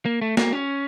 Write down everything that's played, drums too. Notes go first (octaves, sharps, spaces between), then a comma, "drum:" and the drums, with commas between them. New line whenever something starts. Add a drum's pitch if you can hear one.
A#3
A3
A#3, drum: snare
C#4